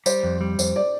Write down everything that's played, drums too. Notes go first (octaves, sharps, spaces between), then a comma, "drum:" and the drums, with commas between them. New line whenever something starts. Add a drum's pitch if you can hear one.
G3 C5, drum: tambourine
F2
G3
F2 C5, drum: tambourine
D5